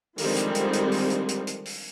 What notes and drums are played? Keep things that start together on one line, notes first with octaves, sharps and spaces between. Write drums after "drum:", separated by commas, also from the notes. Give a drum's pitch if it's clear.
D3 D#3 F3 G3 G#3 C4, drum: open hi-hat
drum: hi-hat
drum: hi-hat
drum: hi-hat
drum: open hi-hat
drum: hi-hat
drum: hi-hat
drum: hi-hat
drum: open hi-hat